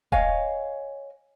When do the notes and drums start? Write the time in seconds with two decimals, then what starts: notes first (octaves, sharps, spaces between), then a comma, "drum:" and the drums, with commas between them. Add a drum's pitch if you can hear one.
0.12 C#5 D#5 F5 G#5, drum: kick D#1